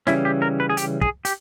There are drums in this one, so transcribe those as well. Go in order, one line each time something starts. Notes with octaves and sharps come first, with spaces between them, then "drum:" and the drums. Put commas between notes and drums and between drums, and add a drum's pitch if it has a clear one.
C#3 E3 G3 C#4 E4, drum: snare
G4
A#4
B4
G#4
G4, drum: hi-hat
G#4, drum: kick
G4, drum: hi-hat